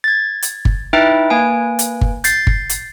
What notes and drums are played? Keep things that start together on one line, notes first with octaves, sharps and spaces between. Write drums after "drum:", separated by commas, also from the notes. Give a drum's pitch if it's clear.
G#6 A6
drum: hi-hat
drum: kick G1
D#4 E4 B4 E5 G5
A#3 B4 G#5 D7
drum: hi-hat
drum: kick G1
G6 A6 C7, drum: hi-hat
drum: kick G1
drum: hi-hat